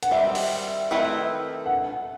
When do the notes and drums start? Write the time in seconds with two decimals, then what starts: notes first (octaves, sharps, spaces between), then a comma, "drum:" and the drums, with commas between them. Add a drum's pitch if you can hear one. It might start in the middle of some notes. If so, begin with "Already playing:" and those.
0.03 F#5, drum: hi-hat
0.11 D#3 G3 C4 E5
0.35 drum: open hi-hat
0.91 D#3 A3 C4 E4 B4
1.66 F#5